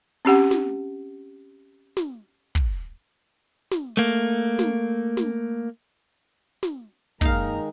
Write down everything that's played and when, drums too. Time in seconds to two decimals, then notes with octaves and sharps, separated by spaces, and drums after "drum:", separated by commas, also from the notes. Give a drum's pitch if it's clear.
0.25 C4 C#4 G4 F#5
0.51 drum: snare
1.97 drum: snare
2.55 drum: kick
3.71 drum: snare
3.97 A3 A#3
4.59 drum: snare
5.17 drum: snare
6.63 drum: snare
7.21 F#2 D#3 G#3 A#3 D#4 F5 A#5, drum: kick